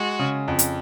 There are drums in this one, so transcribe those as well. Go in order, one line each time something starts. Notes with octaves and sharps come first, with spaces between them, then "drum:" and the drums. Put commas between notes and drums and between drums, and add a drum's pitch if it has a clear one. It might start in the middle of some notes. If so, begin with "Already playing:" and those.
Already playing: G#3 F#4
C#3
F2
drum: hi-hat